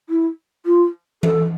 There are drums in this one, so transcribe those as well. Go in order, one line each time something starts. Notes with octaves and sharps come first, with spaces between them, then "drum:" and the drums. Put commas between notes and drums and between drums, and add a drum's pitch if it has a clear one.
E4
F4
A4, drum: tom E3